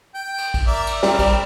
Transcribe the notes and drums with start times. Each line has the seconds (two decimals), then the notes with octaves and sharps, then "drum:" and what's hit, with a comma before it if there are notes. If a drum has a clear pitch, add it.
0.14 G5
0.38 drum: cymbal
0.54 drum: kick, cymbal
0.67 A#4 D5 E5
0.87 drum: cymbal
1.03 G3 C4 A#4 D5, drum: snare
1.19 drum: kick, cymbal